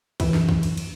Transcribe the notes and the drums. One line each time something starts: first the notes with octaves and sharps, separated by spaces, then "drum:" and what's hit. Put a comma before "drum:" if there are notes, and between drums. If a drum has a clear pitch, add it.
F#2 E3, drum: kick, cymbal
drum: snare
drum: kick
drum: cymbal
drum: cymbal